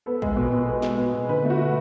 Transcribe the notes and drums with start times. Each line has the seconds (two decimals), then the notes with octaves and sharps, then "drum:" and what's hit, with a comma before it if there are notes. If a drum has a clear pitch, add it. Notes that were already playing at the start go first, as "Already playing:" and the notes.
0.06 B3 A4
0.22 G#3, drum: kick
0.36 B2
0.52 B2
0.68 B3
0.82 G#3, drum: snare
0.98 B2
1.14 B2
1.29 D3 B4
1.45 A3
1.50 F#4
1.60 A3